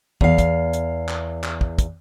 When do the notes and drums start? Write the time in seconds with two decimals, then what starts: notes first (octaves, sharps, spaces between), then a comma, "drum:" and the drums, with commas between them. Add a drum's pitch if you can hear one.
0.21 E2 F5, drum: kick
0.38 drum: kick, hi-hat
0.73 drum: hi-hat
1.08 drum: clap
1.43 drum: clap
1.61 drum: kick
1.79 drum: kick, hi-hat